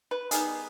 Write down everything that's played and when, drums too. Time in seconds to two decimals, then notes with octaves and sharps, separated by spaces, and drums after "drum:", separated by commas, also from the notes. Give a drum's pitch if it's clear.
0.11 B4
0.31 D#3 G3 B3 D#4 G#4, drum: hi-hat